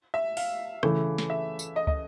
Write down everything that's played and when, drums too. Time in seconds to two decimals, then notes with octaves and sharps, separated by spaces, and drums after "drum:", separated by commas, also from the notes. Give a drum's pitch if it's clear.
0.14 E5
0.37 F5, drum: open hi-hat
0.83 C#3 E3 A3, drum: rim click
1.18 drum: snare
1.30 E5
1.59 drum: tambourine
1.76 D#5
1.87 D#5, drum: kick